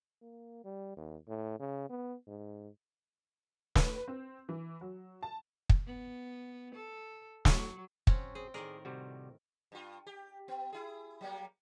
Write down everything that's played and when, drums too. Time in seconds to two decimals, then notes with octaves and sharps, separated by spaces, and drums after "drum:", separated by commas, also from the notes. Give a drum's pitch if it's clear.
0.22 A#3
0.64 G3
0.97 D#2
1.28 A2
1.60 C#3
1.90 B3
2.27 G#2
3.75 B4, drum: snare
4.08 C4
4.49 E3
4.81 F#3
5.23 A5
5.69 drum: kick
5.87 B3
6.75 A4
7.45 F#3, drum: snare
8.07 F#3 C4 C#4, drum: kick
8.35 C4 G#4
8.54 A2 D#3 G#4 A#4 D5
8.85 C3 G3 F#4
9.72 G2 F4
10.07 G4
10.48 B3
10.73 E4 G#4
11.21 F#3 G3 A#3